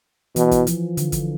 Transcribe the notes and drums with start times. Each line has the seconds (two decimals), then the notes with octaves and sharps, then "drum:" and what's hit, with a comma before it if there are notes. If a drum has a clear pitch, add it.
0.36 B2 E3, drum: hi-hat
0.51 drum: kick, hi-hat
0.67 F3, drum: hi-hat
0.97 D3, drum: hi-hat
1.12 drum: kick, hi-hat